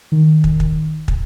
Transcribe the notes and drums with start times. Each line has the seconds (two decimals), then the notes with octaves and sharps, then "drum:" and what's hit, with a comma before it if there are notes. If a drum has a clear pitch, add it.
0.12 D#3
0.44 drum: kick
0.60 drum: kick
1.08 drum: kick